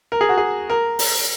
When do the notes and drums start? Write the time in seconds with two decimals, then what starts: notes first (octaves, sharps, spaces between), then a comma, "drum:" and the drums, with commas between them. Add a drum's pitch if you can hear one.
0.12 A#4
0.21 G#4
0.29 F#4
0.37 G#4
0.70 A#4
0.99 drum: open hi-hat